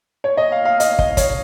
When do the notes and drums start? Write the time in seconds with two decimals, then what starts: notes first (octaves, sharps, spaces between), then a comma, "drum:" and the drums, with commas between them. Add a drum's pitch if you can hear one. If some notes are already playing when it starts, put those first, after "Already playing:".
0.24 C#5
0.37 D#5
0.52 F5
0.65 F5
0.80 D#5, drum: hi-hat
0.99 D#5, drum: kick
1.17 C#5, drum: kick, hi-hat